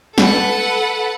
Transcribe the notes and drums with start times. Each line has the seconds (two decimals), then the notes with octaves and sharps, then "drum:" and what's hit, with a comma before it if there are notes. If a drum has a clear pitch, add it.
0.18 A4 B4 F#5, drum: snare